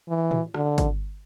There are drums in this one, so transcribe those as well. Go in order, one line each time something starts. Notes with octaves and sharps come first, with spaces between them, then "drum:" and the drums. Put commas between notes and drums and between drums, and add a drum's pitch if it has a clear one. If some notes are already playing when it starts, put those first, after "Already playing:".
E3
drum: tom A2
D3, drum: rim click
drum: kick, hi-hat